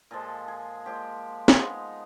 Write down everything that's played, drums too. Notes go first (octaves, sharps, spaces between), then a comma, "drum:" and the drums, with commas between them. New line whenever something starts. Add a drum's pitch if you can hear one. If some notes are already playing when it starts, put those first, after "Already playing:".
A#2 F3 G#3 A4
G#4
A#2 F3 G#3 G4
drum: snare
F3 G#3 B3 D#4